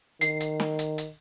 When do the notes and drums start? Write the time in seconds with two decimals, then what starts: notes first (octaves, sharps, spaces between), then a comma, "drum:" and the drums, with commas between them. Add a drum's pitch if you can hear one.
0.21 D#3 C7, drum: hi-hat
0.40 drum: hi-hat
0.60 drum: snare
0.79 drum: hi-hat
0.98 drum: hi-hat